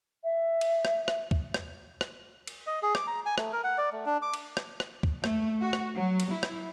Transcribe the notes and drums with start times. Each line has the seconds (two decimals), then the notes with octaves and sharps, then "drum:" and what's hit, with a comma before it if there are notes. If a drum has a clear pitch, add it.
0.24 E5
0.61 drum: cymbal
0.85 drum: rim click
1.08 drum: rim click
1.31 drum: kick
1.54 drum: rim click
2.01 drum: rim click
2.47 drum: cymbal
2.67 D#5
2.82 G#4
2.95 D6, drum: rim click
3.07 A#5
3.26 G#5
3.38 A3, drum: rim click
3.52 A#4
3.64 F#5
3.78 D5
3.93 A3
4.06 D4
4.22 D6
4.34 drum: cymbal
4.57 drum: rim click
4.80 drum: rim click
5.03 drum: kick
5.24 A3, drum: rim click
5.62 F#4
5.73 drum: rim click
5.95 F#3
6.20 drum: cymbal
6.32 E4
6.43 drum: rim click